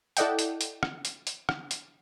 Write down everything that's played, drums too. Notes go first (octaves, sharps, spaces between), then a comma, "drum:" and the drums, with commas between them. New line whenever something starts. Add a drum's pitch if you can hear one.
E4 A4 D5 D#5 F#5 G5, drum: hi-hat
drum: hi-hat
drum: hi-hat
drum: rim click
drum: hi-hat
drum: hi-hat
drum: rim click
drum: hi-hat